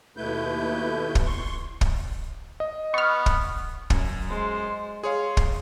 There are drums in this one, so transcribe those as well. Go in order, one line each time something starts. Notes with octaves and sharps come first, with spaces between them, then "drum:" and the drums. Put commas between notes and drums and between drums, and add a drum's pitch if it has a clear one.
D#2 B2 A3 E4 B4 G6
drum: kick
C6 C#6
drum: kick
D#5
B3 C#6 F6
drum: kick
F#2, drum: kick
G#3 C5
G#4 C#5 F5 C6
drum: kick